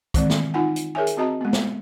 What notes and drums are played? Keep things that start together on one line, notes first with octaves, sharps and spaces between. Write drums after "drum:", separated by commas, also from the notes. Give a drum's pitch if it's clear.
D#3 E3 G#3 C4 D5, drum: kick, hi-hat
drum: snare
D#4 F4 F#5 G#5
drum: hi-hat
G#4 A#4 C#5 E5 G#5
drum: hi-hat
C4 F#4 D#5 A5 A#5
G#3 B3
drum: snare